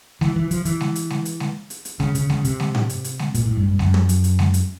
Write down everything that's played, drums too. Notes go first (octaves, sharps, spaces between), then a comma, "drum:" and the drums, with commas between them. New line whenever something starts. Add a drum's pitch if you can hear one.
E3, drum: snare G#3
E3
F3, drum: hi-hat
E3, drum: hi-hat
drum: snare G#3
drum: hi-hat
drum: snare G#3
drum: hi-hat
drum: snare G#3
drum: hi-hat
drum: hi-hat
C#3, drum: snare G#3
C#3, drum: hi-hat
C#3, drum: snare G#3
C3, drum: hi-hat
drum: snare G#3
drum: tom G#2
drum: hi-hat
drum: hi-hat
drum: snare G#3
A#2, drum: hi-hat
A2
G2
G2
F#2, drum: snare G#3
drum: tom
drum: hi-hat
drum: hi-hat
drum: snare G#3
drum: hi-hat